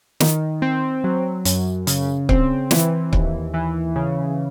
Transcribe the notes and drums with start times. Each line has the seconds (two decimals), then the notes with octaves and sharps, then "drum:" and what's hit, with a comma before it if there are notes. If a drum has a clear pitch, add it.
0.20 D#3, drum: snare
0.62 C4
1.04 F#3
1.45 F#2, drum: hi-hat
1.87 C#3, drum: hi-hat
2.29 C4, drum: kick C#1
2.71 E3, drum: snare
3.13 D#2, drum: kick C#1
3.54 E3
3.96 C#3